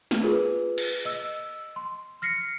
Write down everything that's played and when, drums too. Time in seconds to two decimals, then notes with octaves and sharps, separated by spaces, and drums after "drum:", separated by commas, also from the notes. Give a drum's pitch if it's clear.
0.11 drum: snare
0.23 F4 G#4 A#4 B4
0.78 drum: cymbal
1.05 D#5 E6, drum: hi-hat
1.76 C6
2.22 F6 A#6 C7 C#7